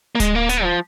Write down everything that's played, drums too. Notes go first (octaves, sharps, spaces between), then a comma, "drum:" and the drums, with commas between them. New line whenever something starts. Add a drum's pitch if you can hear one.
A#3
G#3, drum: kick D1, hi-hat
A#3
B3, drum: hi-hat
F3